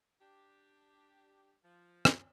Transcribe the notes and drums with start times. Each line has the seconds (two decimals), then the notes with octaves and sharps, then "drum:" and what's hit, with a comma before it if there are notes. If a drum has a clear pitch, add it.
0.20 D4 G4
1.63 F3
2.05 drum: rim click